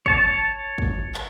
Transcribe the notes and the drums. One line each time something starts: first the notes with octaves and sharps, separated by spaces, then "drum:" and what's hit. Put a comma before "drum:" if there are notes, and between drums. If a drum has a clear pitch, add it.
C#5 A5, drum: kick
drum: kick
drum: clap